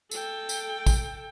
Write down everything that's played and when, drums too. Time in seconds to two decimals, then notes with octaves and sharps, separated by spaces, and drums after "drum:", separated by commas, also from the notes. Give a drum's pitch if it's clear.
0.11 A4 G5, drum: tambourine
0.49 drum: tambourine
0.87 drum: kick, tambourine